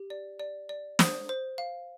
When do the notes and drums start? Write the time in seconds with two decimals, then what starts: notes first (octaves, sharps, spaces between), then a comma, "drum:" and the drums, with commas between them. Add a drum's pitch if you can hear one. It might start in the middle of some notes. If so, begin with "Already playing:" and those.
Already playing: G4
0.10 D5
0.39 D5
0.69 D5
0.99 C5 D#6, drum: snare
1.29 C5
1.58 F5